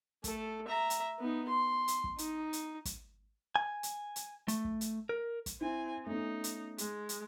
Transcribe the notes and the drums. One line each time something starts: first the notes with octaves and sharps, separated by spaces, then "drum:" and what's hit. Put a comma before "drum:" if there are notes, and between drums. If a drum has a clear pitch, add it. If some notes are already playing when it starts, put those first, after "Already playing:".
A3 A4, drum: kick, hi-hat
E5 A#5
drum: hi-hat
B3 D#4
C6
drum: hi-hat
drum: kick
D#4, drum: hi-hat
drum: hi-hat
drum: kick, hi-hat
G#5
drum: hi-hat
drum: hi-hat
A3, drum: hi-hat
drum: kick
drum: hi-hat
A#4
drum: kick, hi-hat
C4 E4 G#5
A3 B3 C#4 D#4
drum: hi-hat
G#3, drum: hi-hat
drum: hi-hat